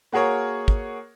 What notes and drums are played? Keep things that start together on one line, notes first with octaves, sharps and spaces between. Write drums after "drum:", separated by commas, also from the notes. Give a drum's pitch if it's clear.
A#3 F#4 G#4 A#4 C#5
drum: kick